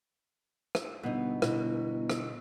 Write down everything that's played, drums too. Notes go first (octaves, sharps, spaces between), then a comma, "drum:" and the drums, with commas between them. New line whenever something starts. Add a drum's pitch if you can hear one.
drum: rim click
G1 B2 B3 D#4
B2 E4, drum: rim click
drum: rim click